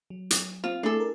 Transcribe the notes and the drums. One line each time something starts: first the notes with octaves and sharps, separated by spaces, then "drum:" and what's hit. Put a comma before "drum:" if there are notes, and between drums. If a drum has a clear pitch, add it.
F#3
drum: hi-hat
C4 F4
A3 D4 E4 G#4 A4
A#4